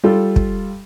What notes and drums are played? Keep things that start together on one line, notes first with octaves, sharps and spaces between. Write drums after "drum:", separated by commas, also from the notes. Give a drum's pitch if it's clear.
G3 F4 A4
drum: kick